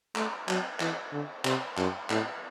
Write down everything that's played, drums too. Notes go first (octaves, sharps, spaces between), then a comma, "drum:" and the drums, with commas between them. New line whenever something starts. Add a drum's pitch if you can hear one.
A3, drum: clap
F#3, drum: clap
E3, drum: clap
D3
C3, drum: clap
F#2, drum: clap
A2, drum: clap